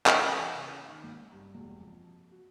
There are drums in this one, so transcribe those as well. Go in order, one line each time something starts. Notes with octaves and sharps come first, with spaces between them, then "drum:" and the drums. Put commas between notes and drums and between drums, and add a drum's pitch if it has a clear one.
drum: clap
E3
C#3
C#4
D#3
G#1
G2
E1
F2
F#4